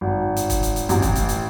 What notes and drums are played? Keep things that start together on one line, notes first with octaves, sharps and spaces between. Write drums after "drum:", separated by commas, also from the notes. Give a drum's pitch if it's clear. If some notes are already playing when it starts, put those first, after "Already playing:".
G#1
drum: hi-hat
drum: kick, hi-hat
drum: hi-hat
drum: hi-hat
A1, drum: hi-hat
drum: kick, hi-hat
drum: hi-hat
drum: hi-hat